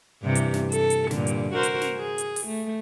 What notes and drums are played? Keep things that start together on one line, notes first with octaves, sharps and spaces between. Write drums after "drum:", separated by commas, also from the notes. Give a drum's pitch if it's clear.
G2 C3 E3
drum: hi-hat
drum: snare
A4, drum: hi-hat
drum: hi-hat
G2 A#2 D3, drum: snare
drum: hi-hat
F#4 A#4 C5
drum: hi-hat
drum: snare
G#4
drum: hi-hat
drum: open hi-hat
A3